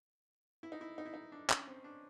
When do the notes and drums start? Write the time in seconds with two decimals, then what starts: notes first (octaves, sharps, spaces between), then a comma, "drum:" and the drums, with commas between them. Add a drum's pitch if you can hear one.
0.63 E4
0.72 D#4
0.81 E4
0.98 D#4
1.05 E4
1.14 D#4
1.32 D4
1.50 C#4, drum: clap
1.67 C4
1.84 D4